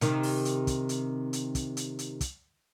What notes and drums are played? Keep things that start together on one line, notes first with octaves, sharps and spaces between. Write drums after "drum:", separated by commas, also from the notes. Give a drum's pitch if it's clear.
C3 D#3, drum: hi-hat
drum: open hi-hat
drum: hi-hat
drum: kick, hi-hat
drum: hi-hat
drum: hi-hat
drum: kick, hi-hat
drum: hi-hat
drum: hi-hat
drum: kick, hi-hat